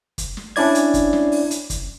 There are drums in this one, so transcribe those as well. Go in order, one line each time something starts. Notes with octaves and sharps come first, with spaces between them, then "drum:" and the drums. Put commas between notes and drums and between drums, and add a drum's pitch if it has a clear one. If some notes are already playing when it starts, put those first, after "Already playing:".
drum: kick, hi-hat
drum: snare
C#4 D4 E4 D5 G#6, drum: open hi-hat
drum: hi-hat
drum: kick, hi-hat
drum: snare
drum: open hi-hat
drum: hi-hat
drum: kick, hi-hat